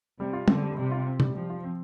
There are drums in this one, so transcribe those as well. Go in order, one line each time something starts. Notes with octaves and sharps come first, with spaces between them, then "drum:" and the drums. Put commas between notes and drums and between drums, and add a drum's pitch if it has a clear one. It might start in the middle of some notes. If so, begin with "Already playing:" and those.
C3 G3
F4
D3 C4, drum: tom
G3
C3 G3
F4
C4
G3, drum: tom
F3 G3
F4
C4